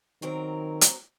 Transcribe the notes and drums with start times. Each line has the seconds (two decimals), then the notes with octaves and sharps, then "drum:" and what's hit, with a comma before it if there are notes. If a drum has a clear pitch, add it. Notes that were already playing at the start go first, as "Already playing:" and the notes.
0.22 D#3 F#3 C4 A#4
0.81 drum: hi-hat